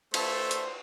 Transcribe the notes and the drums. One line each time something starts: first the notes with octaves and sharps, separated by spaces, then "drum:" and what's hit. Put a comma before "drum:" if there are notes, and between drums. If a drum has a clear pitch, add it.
A3 A4 C5 E5, drum: cymbal
drum: hi-hat